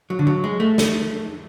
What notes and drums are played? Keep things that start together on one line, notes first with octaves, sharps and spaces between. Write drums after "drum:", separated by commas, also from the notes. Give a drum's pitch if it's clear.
F#3
D3
F#3
G#3
A3
drum: snare